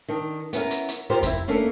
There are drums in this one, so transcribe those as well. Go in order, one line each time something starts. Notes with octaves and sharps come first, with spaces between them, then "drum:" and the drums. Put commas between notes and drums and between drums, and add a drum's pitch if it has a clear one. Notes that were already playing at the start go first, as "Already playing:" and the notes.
D#3 D4
B3 C#4 E4 A#4, drum: hi-hat
drum: hi-hat
drum: hi-hat
B3 F4 G4 A#4 C5 D5
C3 E4, drum: kick F2, hi-hat
A3 A#3 C#4 D4